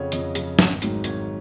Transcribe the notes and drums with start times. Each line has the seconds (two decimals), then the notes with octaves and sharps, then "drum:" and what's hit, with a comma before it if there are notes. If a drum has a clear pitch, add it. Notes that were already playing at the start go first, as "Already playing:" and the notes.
Already playing: F2 C#3 F3 C#5 F#5
0.12 F2 D#5, drum: hi-hat
0.35 C#3 F3, drum: hi-hat
0.59 G#1, drum: snare
0.82 G#2 D#3 F#3, drum: hi-hat
1.04 G#1 C#5, drum: hi-hat